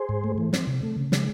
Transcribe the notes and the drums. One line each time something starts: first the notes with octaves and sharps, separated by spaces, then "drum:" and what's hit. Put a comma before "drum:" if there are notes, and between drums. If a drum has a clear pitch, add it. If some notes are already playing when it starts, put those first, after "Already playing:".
Already playing: G#4 C5
G#2
A3
E3
C4, drum: snare
C3
A3
C#3
G#3, drum: snare